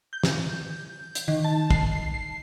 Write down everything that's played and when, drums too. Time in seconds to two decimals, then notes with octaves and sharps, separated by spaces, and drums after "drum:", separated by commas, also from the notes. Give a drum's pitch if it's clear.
0.13 G6
0.23 drum: snare
1.15 drum: hi-hat
1.28 D#3
1.45 A5
1.70 C7, drum: kick
2.14 C7